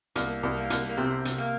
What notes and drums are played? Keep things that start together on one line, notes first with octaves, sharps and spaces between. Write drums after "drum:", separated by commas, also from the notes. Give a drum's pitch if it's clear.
C2 A#3, drum: hi-hat
C2
A#3
C2, drum: hi-hat
A#3
C3 C4
C3, drum: hi-hat
A#3